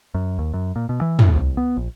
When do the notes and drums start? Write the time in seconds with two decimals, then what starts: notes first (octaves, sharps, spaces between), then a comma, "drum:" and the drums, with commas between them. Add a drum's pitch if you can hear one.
0.14 F#2
0.38 D#2
0.53 F#2
0.76 A#2
0.89 B2
1.01 E3
1.19 A2, drum: tom
1.35 C2
1.57 B3
1.76 A#1